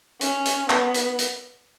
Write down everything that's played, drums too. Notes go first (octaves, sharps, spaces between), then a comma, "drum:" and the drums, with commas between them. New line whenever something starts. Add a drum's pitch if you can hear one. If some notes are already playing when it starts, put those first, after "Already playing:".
C#4, drum: hi-hat
drum: hi-hat
B3, drum: clap
drum: hi-hat
drum: hi-hat